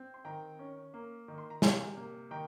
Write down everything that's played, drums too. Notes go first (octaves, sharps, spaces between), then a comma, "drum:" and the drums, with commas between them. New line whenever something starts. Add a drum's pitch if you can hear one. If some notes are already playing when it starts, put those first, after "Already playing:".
Already playing: C4
C6
D#3 G5 A#5
C#4
A#3
D#3
C6
A#5
C3 F5 G#5, drum: snare
A#3
D#3 G5 A#5